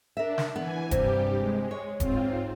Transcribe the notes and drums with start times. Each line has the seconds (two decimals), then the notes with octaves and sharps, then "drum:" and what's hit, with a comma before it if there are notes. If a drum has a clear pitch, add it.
0.17 D4 A#4 E5
0.38 drum: snare
0.56 E3 B3 G#5
0.91 G2 C3 G3 G4, drum: kick E1, hi-hat
1.38 G#3
1.71 C#5
2.00 G#2 C4 F4, drum: kick E1, hi-hat